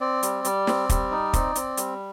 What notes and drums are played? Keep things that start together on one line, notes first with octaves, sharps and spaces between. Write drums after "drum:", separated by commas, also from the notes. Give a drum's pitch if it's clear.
C4 D5
G3, drum: hi-hat
G3, drum: hi-hat
C4, drum: snare
G3, drum: kick, hi-hat
D#4
C4, drum: kick, hi-hat
C4, drum: hi-hat
G3, drum: hi-hat